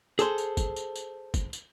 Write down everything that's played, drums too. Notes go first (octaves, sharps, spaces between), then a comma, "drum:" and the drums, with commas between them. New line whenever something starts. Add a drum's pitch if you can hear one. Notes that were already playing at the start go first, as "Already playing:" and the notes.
G#4 A4 C5, drum: tambourine
drum: tambourine
drum: kick, tambourine
drum: tambourine
drum: tambourine
drum: kick, tambourine
drum: tambourine